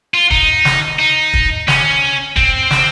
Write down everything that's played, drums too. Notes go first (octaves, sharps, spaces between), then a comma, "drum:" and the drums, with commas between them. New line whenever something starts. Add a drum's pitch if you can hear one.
F4
D#4, drum: kick
drum: snare
D#4
drum: kick
C#4, drum: snare
C4, drum: kick
drum: snare